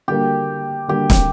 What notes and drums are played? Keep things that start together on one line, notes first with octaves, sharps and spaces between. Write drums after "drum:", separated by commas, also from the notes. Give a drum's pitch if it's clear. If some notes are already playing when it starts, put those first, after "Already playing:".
D3 G3 A#3 G4
D3 G3 A#3 G4
drum: snare